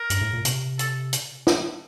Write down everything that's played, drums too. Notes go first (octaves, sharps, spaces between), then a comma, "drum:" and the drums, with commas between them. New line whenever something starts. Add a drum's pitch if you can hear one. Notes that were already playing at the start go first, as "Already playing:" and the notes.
Already playing: A#4
G2, drum: hi-hat
A2
A#2
C3, drum: hi-hat
A4, drum: hi-hat
drum: hi-hat
drum: snare